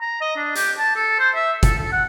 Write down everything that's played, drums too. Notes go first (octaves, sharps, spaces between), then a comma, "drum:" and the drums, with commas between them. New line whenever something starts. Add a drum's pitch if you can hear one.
A#5
D#5
D4
G4, drum: hi-hat
A5
A4
C5
E5
A4, drum: kick, hi-hat
A4
F#5